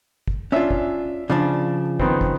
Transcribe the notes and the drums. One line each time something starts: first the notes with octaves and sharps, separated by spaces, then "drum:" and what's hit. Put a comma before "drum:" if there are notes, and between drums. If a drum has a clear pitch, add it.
drum: kick
C#4 D4 F4 E5 G#5
drum: kick
C#3 F3 D4 D5
D#3 B3 C4, drum: kick
drum: kick